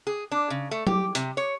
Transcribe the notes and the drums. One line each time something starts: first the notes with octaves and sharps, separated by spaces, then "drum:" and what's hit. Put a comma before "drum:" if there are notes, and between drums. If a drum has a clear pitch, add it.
G#4
D4
C#3
A3
G4, drum: tom F#3
C3, drum: hi-hat
C#5